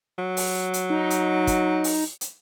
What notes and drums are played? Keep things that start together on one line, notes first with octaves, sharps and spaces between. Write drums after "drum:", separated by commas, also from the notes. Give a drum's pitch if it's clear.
F#3
drum: open hi-hat
drum: hi-hat
D#4
drum: hi-hat
drum: kick, hi-hat
drum: open hi-hat
drum: hi-hat